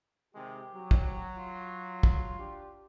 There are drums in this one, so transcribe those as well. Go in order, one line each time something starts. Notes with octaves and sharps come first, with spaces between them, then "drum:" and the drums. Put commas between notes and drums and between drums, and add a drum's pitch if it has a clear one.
C3 D#3 G#3 G4
F#3
drum: kick
F4
drum: kick
D4 G4